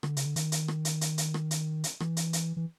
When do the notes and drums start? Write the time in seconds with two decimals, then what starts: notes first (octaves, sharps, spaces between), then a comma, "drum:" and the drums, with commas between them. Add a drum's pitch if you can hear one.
0.03 D3, drum: rim click
0.17 C#3, drum: hi-hat
0.26 D3
0.36 D#3, drum: hi-hat
0.52 drum: hi-hat
0.68 drum: rim click
0.85 drum: hi-hat
1.01 drum: hi-hat
1.18 drum: hi-hat
1.34 drum: rim click
1.51 drum: hi-hat
1.84 drum: hi-hat
2.00 E3, drum: rim click
2.17 drum: hi-hat
2.33 drum: hi-hat
2.57 E3